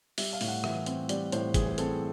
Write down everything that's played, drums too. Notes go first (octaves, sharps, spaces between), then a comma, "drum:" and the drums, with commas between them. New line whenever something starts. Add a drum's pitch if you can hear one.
G3 E5, drum: open hi-hat
F5
A2, drum: open hi-hat
F#5
E3 E5, drum: rim click
C4, drum: hi-hat
G3 D5, drum: hi-hat
A2 C5, drum: hi-hat
E3 G#4, drum: kick G1, hi-hat
G#4
C4 A4, drum: hi-hat